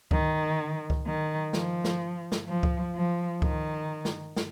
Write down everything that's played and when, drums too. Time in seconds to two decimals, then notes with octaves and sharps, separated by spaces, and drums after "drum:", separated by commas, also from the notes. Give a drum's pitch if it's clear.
0.11 D#3, drum: kick C#2
0.90 drum: kick C#2
1.06 D#3
1.53 F3, drum: snare
1.84 drum: snare
2.32 drum: snare
2.48 F3
2.63 drum: kick C#2
2.95 F3
3.42 D#3, drum: kick C#2
4.05 drum: snare
4.36 drum: snare